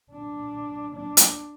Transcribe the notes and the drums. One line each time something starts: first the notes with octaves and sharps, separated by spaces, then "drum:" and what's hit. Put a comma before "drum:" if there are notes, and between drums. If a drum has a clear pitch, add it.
D4
D4
drum: hi-hat